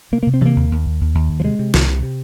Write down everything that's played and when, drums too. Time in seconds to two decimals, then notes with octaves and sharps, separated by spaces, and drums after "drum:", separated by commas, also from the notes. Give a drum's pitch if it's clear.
0.12 C3 A#3
0.23 A#3
0.27 C3
0.34 C4
0.41 C3 A#3, drum: tom D#3
0.56 D#2
0.71 D#2
0.86 D#2
1.01 D#2
1.15 D#2
1.29 D#2
1.40 F3
1.44 C3 G#3
1.59 C3
1.74 C2, drum: snare
1.88 C3
2.03 C3